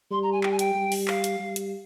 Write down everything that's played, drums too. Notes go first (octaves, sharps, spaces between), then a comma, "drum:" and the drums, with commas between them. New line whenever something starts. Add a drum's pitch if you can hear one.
G3 C6
A#5
G#5
G5, drum: clap
G#5
G5, drum: hi-hat
G3
drum: open hi-hat
F5, drum: clap
drum: hi-hat
G3
drum: hi-hat